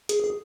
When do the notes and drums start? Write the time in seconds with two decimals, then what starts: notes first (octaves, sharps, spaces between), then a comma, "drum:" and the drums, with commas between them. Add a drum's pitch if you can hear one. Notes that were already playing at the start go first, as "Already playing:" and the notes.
0.09 G#4, drum: hi-hat
0.24 G#4